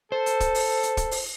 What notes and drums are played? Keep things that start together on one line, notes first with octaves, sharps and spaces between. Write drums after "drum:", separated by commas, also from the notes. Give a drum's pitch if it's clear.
A4 C5
drum: hi-hat
drum: kick, hi-hat
drum: open hi-hat
drum: hi-hat
drum: kick, hi-hat
drum: open hi-hat